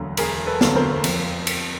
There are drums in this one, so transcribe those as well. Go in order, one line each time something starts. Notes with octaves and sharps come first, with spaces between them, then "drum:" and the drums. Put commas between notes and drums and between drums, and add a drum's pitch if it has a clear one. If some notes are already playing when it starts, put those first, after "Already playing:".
Already playing: E1 D2 D3 F#3 A#3
E1 G#4 A#4, drum: cymbal
A4 B4
D2 D3 F#3 A#3, drum: snare
A#4 C5
F2, drum: cymbal
drum: cymbal